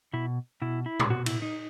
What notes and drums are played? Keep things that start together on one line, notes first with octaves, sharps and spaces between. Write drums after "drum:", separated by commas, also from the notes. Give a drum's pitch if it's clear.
B2 E4
B2 E4
E4
drum: tom A2
B2 F#4
E4, drum: cymbal
D#4